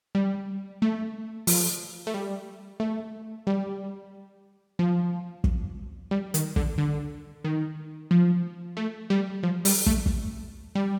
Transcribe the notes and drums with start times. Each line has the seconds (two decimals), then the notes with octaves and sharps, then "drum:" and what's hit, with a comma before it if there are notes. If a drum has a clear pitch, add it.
0.15 G3
0.82 A3
1.47 F3, drum: open hi-hat
2.07 A3
2.14 G3
2.80 A3
3.47 G3
4.79 F3
5.44 drum: kick
6.11 G3
6.34 D#3, drum: hi-hat
6.56 D3, drum: kick
6.78 D3
7.44 D#3
8.11 F3
8.77 A3
9.10 G3
9.43 F3
9.65 G3, drum: open hi-hat
9.86 A3, drum: kick
10.06 drum: kick
10.75 G3